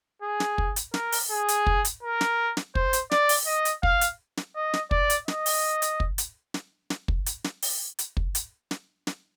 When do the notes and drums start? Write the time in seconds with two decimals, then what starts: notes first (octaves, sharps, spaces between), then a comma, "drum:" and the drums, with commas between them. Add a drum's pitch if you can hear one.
0.22 G#4
0.40 drum: snare
0.58 drum: kick
0.76 drum: hi-hat
0.94 A#4, drum: snare
1.12 drum: open hi-hat
1.31 G#4
1.48 drum: hi-hat
1.67 drum: kick
1.85 drum: hi-hat
2.03 A#4
2.21 drum: snare
2.57 drum: snare
2.75 C5, drum: kick
2.93 drum: hi-hat
3.11 D5, drum: snare
3.29 drum: open hi-hat
3.47 D#5
3.65 drum: hi-hat
3.83 F5, drum: kick
4.01 drum: hi-hat
4.37 drum: snare
4.56 D#5
4.74 drum: snare
4.91 D5, drum: kick
5.10 drum: hi-hat
5.28 D#5, drum: snare
5.46 drum: open hi-hat
5.82 drum: hi-hat
6.00 drum: kick
6.18 drum: hi-hat
6.54 drum: snare
6.90 drum: snare
7.08 drum: kick
7.26 drum: hi-hat
7.44 drum: snare
7.62 drum: open hi-hat
7.99 drum: hi-hat
8.17 drum: kick
8.35 drum: hi-hat
8.71 drum: snare
9.07 drum: snare